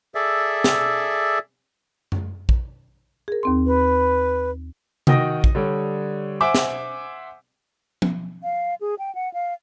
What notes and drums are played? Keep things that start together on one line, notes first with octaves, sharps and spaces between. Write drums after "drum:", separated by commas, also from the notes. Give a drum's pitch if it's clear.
G#4 A4 D5 E5
drum: snare
drum: tom F#2
drum: kick A#1
G#4 A#4
D#2 C4 C6
B4
D#3 D#4 F#4 G5 D#6 A#6, drum: tom C3
drum: kick A#1
D3 G3 C#5
C5 E5 F#5 G#5 D6
drum: snare
drum: tom F3
F5
G#4
G5
F#5
F5